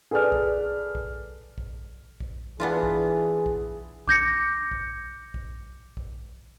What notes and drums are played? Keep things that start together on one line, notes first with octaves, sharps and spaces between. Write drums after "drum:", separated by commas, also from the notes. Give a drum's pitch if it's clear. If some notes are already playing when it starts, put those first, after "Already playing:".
G#4 A4 B4 D5 F6
drum: kick A#1
drum: kick A#1
drum: kick A#1
drum: kick A#1
E3 B3 D4 F4 G#4
drum: kick A#1
drum: kick A#1
D6 G6 A#6 C#7, drum: kick A#1
drum: kick A#1
drum: kick A#1
drum: kick A#1